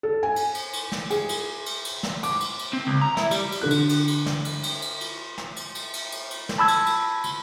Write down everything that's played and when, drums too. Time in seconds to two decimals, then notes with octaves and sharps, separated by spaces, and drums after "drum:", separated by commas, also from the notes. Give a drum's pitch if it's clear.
0.03 A4
0.23 G#5
0.36 drum: cymbal
0.55 drum: cymbal
0.73 drum: cymbal
0.92 drum: snare
1.10 G#4, drum: cymbal
1.29 drum: cymbal
1.66 drum: cymbal
1.85 drum: cymbal
2.03 drum: snare
2.23 D6, drum: cymbal
2.40 drum: cymbal
2.59 drum: cymbal
2.73 C4
2.87 C#2
3.02 A#5
3.17 E4, drum: snare
3.31 G3, drum: cymbal
3.52 drum: cymbal
3.61 D3 D4 A4 F#6
3.70 drum: cymbal
3.89 drum: cymbal
4.08 drum: cymbal
4.26 drum: snare
4.45 drum: cymbal
4.63 drum: cymbal
4.82 drum: cymbal
5.01 drum: cymbal
5.38 drum: snare
5.56 drum: cymbal
5.75 drum: cymbal
5.93 drum: cymbal
6.12 drum: cymbal
6.31 drum: cymbal
6.49 drum: snare
6.58 A5 B5 E6 G#6
6.68 drum: cymbal
6.86 drum: cymbal
7.24 drum: cymbal